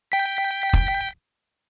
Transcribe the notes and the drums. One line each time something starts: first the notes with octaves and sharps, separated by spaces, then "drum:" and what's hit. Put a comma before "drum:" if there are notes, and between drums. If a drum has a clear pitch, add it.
G5 B6
drum: kick